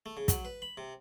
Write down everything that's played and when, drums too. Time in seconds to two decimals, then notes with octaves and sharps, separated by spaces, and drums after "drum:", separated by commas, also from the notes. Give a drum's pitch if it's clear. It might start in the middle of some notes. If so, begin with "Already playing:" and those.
0.06 A3
0.17 C#3
0.28 F#3, drum: kick, hi-hat
0.45 B4
0.62 B5
0.77 C3